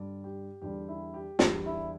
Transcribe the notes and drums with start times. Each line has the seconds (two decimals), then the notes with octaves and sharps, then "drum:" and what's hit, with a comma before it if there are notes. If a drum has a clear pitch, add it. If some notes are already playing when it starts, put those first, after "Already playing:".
Already playing: G2 D3 G3 D5
0.24 G4
0.62 E2 D3 G3 G4
0.88 E4
1.14 G4
1.39 E2 D3 G3 G4, drum: snare
1.66 E4